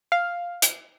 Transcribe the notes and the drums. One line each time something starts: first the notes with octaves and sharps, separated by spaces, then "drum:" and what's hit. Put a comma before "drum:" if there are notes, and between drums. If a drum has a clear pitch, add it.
F5
drum: hi-hat